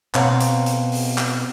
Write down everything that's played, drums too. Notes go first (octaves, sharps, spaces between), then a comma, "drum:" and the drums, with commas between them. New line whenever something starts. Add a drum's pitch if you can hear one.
B2 C4 C#5 F5 F#5 A#5, drum: clap
drum: hi-hat
drum: hi-hat
drum: open hi-hat
drum: clap